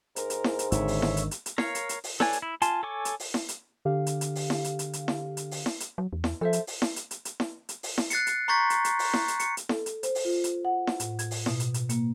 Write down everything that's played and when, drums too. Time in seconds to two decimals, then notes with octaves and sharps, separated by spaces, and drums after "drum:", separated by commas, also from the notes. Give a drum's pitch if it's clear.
0.16 G#2 A#4, drum: hi-hat
0.30 drum: hi-hat
0.44 drum: snare E4
0.59 drum: hi-hat
0.72 G#1 D3 D#3 C#5 E5, drum: hi-hat
0.88 drum: open hi-hat
1.02 drum: snare E4
1.17 drum: hi-hat
1.31 drum: hi-hat
1.46 drum: hi-hat
1.58 A#4 C#5 F5, drum: snare E4
1.75 drum: hi-hat
1.89 drum: hi-hat
2.04 drum: open hi-hat
2.20 A4 B4 C#5 D5 G#5, drum: snare E4
2.33 drum: hi-hat
2.42 E4
2.62 F4 G#5 A5 C6, drum: hi-hat
2.83 A4 C#5 G#5 C#6 D6
3.05 drum: hi-hat
3.20 drum: open hi-hat
3.34 drum: snare E4
3.49 drum: hi-hat
3.85 D3 G4 F5
4.06 drum: hi-hat
4.21 drum: hi-hat
4.35 drum: open hi-hat
4.50 drum: snare E4
4.64 drum: hi-hat
4.79 drum: hi-hat
4.93 drum: hi-hat
5.08 drum: snare E4
5.37 drum: hi-hat
5.51 drum: open hi-hat
5.66 drum: snare E4
5.80 drum: hi-hat
5.98 F#3
6.13 E2
6.24 drum: snare E4
6.41 F3 A4 C5 E5
6.53 drum: hi-hat
6.67 drum: open hi-hat
6.82 drum: snare E4
6.96 drum: hi-hat
7.11 drum: hi-hat
7.25 drum: hi-hat
7.40 drum: snare E4
7.69 drum: hi-hat
7.83 drum: open hi-hat
7.98 drum: snare E4
8.10 F#6 A6 C7 C#7, drum: hi-hat
8.27 drum: hi-hat
8.48 A#5 C6 C#6 G6 A6 B6
8.70 drum: hi-hat
8.85 drum: hi-hat
8.99 drum: open hi-hat
9.13 drum: snare E4
9.28 drum: hi-hat
9.40 C#7, drum: hi-hat
9.57 drum: hi-hat
9.69 A4, drum: snare E4
9.86 drum: hi-hat
10.03 C5, drum: hi-hat
10.15 drum: open hi-hat
10.25 F4
10.44 drum: hi-hat
10.65 F#5
10.87 drum: snare E4
11.00 A2, drum: hi-hat
11.19 G#6, drum: hi-hat
11.31 drum: open hi-hat
11.46 B2, drum: snare E4
11.60 drum: hi-hat
11.74 drum: hi-hat
11.89 A#3, drum: hi-hat